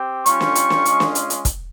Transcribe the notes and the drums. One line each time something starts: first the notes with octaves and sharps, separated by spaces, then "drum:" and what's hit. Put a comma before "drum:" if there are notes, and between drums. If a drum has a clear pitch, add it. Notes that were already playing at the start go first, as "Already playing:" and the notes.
Already playing: C4 G4
G3 C#4 F4 C#6, drum: hi-hat
drum: snare
drum: hi-hat
drum: snare
G#3 C#4 F4, drum: hi-hat
drum: snare
drum: hi-hat
drum: hi-hat
drum: kick, hi-hat